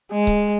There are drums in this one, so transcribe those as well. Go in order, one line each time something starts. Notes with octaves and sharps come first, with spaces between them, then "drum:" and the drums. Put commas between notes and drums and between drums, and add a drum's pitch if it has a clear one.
G#3
drum: kick C#1